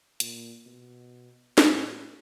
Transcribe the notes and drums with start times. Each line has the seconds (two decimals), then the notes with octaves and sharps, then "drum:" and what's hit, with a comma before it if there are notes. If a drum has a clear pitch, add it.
0.20 A#2, drum: hi-hat
0.66 B2
1.58 A2, drum: snare